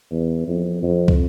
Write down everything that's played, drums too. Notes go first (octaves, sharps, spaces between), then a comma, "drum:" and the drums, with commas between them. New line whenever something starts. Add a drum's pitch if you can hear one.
E2
F2
F2
drum: kick